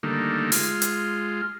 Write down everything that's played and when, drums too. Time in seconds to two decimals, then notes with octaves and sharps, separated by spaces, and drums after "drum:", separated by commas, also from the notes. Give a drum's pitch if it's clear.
0.03 D3 D#3 G3 A3 A#3 D#4
0.52 G#3 F4, drum: open hi-hat
0.82 drum: hi-hat